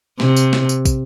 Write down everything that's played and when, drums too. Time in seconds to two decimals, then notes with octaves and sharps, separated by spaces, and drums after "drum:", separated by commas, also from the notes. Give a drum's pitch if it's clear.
0.20 C3, drum: snare
0.37 drum: tambourine
0.53 drum: snare
0.69 drum: tambourine
0.85 drum: kick, tambourine